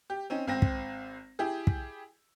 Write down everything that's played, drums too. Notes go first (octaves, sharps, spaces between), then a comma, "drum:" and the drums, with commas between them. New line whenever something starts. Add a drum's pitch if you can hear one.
G4
C4 C#4 D#4
G#1 C4 A#6
drum: kick
E4 G4 G#4
drum: kick